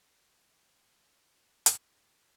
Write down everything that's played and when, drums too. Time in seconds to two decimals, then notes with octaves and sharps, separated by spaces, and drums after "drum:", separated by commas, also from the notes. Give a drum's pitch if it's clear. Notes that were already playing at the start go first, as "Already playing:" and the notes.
Already playing: D3
0.32 E3
0.79 E3
1.66 drum: hi-hat